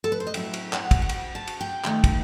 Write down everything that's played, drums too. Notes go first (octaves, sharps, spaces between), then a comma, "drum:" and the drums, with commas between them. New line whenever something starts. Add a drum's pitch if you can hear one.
A4
B4
C5
D#5
A2 F#3 C4 E4 E5, drum: cymbal
drum: cymbal
F#5, drum: clap
drum: kick, cymbal
F#5
G5, drum: cymbal
A5
drum: cymbal
G5
D#3 A3 C4 D#4, drum: clap
drum: kick, cymbal